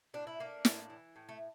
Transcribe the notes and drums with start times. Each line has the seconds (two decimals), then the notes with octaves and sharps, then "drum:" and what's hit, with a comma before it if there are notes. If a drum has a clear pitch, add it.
0.14 A2 D4
0.27 E4
0.39 A3 A#3 D4
0.65 A2, drum: snare
0.90 E3
1.16 A2
1.29 A3